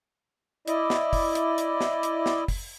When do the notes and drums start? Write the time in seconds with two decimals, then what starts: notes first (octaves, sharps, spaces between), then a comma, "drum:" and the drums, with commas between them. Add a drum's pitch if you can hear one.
0.68 E4 D5 D#5, drum: hi-hat
0.90 drum: snare
1.13 drum: kick, open hi-hat
1.35 drum: hi-hat
1.58 drum: hi-hat
1.81 drum: snare
2.03 drum: hi-hat
2.26 drum: snare
2.48 drum: kick, open hi-hat